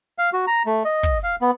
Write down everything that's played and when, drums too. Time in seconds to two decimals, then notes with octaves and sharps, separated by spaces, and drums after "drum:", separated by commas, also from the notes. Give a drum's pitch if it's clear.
0.18 F5
0.33 F#4
0.47 A#5
0.66 A3
0.85 D#5
1.03 drum: kick
1.23 F5
1.41 B3